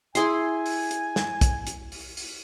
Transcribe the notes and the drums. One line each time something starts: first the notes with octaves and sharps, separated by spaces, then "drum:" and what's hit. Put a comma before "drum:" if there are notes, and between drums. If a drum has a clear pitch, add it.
E4 G#4 G#5 C6, drum: hi-hat
drum: open hi-hat
drum: hi-hat
drum: snare
drum: kick, hi-hat
drum: hi-hat
drum: open hi-hat
drum: open hi-hat